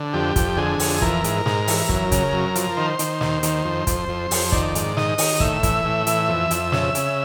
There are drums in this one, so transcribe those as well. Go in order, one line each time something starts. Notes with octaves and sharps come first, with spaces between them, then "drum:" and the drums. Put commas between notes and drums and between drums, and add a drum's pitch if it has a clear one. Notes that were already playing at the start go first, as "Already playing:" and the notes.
Already playing: D3
F2 G4
F2, drum: kick, hi-hat
D3 G#4
F2, drum: open hi-hat
E3 A#4, drum: kick
G#2, drum: hi-hat
G#2, drum: snare
E3, drum: open hi-hat
F#2, drum: kick
C#3, drum: kick, hi-hat
F#2
F3, drum: hi-hat
D#3 C5
D#3, drum: hi-hat
D#2, drum: snare
D#3, drum: hi-hat
F2
F2, drum: kick, hi-hat
F2
F2, drum: open hi-hat
D#3 D5, drum: kick
G#2, drum: hi-hat
D#3 D#5, drum: snare
D#3, drum: open hi-hat
A2 E5, drum: kick
E3, drum: kick, hi-hat
A2
E3, drum: hi-hat
F2
F2, drum: hi-hat
C#3, drum: snare
C#3, drum: hi-hat